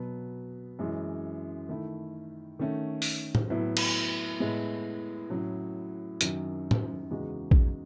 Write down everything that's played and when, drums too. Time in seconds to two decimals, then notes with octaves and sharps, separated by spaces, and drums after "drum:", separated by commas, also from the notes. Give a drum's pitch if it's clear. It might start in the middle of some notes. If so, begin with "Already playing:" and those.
Already playing: B2 F#3 B3
0.79 F#2 E3 G#3 C#4
1.69 D#3 A3 E4
2.59 D#3 A3 C#4
3.02 drum: open hi-hat
3.35 drum: tom A2
3.50 A2 F#3 B3 E4
3.77 drum: cymbal
4.40 A2 G#3 B3 E4
5.30 A2 F#3 C#4
6.21 F#2 D#3 F#3, drum: hi-hat
6.71 drum: tom A2
7.11 E2 C#3 G#3 D#4 F#4
7.51 drum: kick A#1